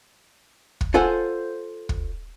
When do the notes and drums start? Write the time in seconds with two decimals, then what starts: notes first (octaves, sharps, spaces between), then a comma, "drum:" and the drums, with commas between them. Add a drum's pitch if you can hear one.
0.81 drum: kick
0.94 F4 A4 C5 F#5 G#5
1.89 drum: kick